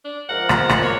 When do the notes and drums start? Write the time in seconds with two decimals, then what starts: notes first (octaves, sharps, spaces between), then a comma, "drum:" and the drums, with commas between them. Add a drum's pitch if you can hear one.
0.05 D4
0.29 G#2 F3 A#4 F#5
0.49 drum: rim click
0.69 drum: rim click
0.82 B2 A#3 C#5